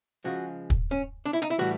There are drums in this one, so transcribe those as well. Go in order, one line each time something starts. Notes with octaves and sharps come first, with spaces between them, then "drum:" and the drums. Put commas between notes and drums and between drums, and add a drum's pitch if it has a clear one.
C#3 F3 G#3 F#4
drum: kick
C#4
D4
E4
D#4, drum: hi-hat
E4
A2 E3 G3 F#4